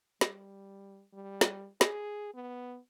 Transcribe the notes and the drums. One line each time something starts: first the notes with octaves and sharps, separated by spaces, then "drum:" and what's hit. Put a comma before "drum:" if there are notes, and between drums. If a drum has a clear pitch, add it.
G3, drum: snare
G3
drum: snare
G#4, drum: snare
B3